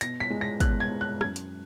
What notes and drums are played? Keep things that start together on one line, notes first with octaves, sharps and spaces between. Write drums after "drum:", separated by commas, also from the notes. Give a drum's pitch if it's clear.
B2 A#6, drum: hi-hat
B6
G#3
A#6
B2 F#6, drum: kick, hi-hat
G#6
G#3
F#6
F#2 G#6, drum: rim click
drum: hi-hat